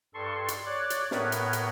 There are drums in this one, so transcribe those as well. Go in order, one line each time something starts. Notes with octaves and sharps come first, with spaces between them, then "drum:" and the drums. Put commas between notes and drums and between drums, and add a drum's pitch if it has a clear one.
G2 A4 C6 C#6
drum: hi-hat
C#5 D5 D6 F#6
drum: hi-hat
A2 B3 A#4 B4 C#5, drum: snare
drum: hi-hat
drum: hi-hat